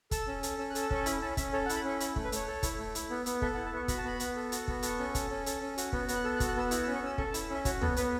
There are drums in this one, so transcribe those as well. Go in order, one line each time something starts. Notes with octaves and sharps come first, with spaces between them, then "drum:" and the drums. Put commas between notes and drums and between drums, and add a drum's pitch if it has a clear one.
A4 E6, drum: kick, hi-hat
C#4
A4, drum: hi-hat
C#4 E6
F#6
A4, drum: hi-hat
E6
C#4 C#6, drum: kick
E4 B5, drum: hi-hat
C#4 A5
C#4 E5, drum: kick, hi-hat
A4 C#5
F#5
E4, drum: hi-hat
B5
C#4 C#6
E4 B5, drum: hi-hat
A3, drum: kick
B4
A3 C#5, drum: hi-hat
A4
E4, drum: kick, hi-hat
A3
E4, drum: hi-hat
B3
B3, drum: hi-hat
A4 E5, drum: kick
E4 F#5
A5
B3 C#6
F#4 B5, drum: kick, hi-hat
A5
B3 B5
B3, drum: hi-hat
A4
F#4, drum: hi-hat
B3, drum: kick
A4 C#6, drum: hi-hat
C#4
A4, drum: kick, hi-hat
C#4
A4, drum: hi-hat
C#4
F#4, drum: hi-hat
B3, drum: kick
B3, drum: hi-hat
F#6
A4 E6
F#6
F#4, drum: kick, hi-hat
F#6
B3 E6
E4 F#6, drum: hi-hat
E6
C#4
C#6
C#4 E6
A4 C#6, drum: kick
A5
E4, drum: hi-hat
E6
C#4 E5
F#4 C#5, drum: kick, hi-hat
B3 A4, drum: tom
B3 B4, drum: hi-hat